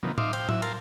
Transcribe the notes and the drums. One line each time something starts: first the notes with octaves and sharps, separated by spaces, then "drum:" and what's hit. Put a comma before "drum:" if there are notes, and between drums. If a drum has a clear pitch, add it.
C3 D#3 F3 F#3 A#3 B3
D#4 E5 F5 C6 D6, drum: tom
C5 F5 G5, drum: cymbal
F#3 E4 E5, drum: tom
A#4 F5 A5 C6, drum: cymbal